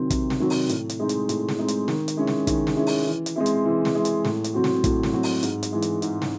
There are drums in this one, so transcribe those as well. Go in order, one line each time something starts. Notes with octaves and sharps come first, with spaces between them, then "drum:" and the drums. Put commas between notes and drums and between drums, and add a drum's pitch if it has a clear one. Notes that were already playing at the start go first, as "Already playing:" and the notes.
Already playing: C3 D#3 F#3 C4
C3, drum: kick, hi-hat
drum: snare
D#3 F#3 C4
drum: open hi-hat
A2, drum: hi-hat
drum: hi-hat
G#3 C4 D#4
drum: hi-hat
A2, drum: hi-hat
drum: snare
G#3 C4 D#4
drum: hi-hat
D#3, drum: snare
drum: hi-hat
G#3 C#4 E4
drum: snare
D#3, drum: kick, hi-hat
drum: snare
G#3 C#4 E4
drum: open hi-hat
E3
drum: hi-hat
G#3 C4 E4
drum: hi-hat
E3
drum: snare
G#3 C4 E4
drum: hi-hat
A2, drum: snare
drum: hi-hat
F#3 C4 F#4
drum: snare
A2, drum: kick, hi-hat
drum: snare
F#3 C4 F#4
drum: open hi-hat
G#2, drum: hi-hat
drum: hi-hat
E3 G#3
drum: hi-hat
G#2, drum: hi-hat
drum: snare